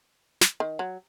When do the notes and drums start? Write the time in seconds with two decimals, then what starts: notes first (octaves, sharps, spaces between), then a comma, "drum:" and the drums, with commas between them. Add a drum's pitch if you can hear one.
0.41 drum: snare
0.60 D#3
0.79 F#3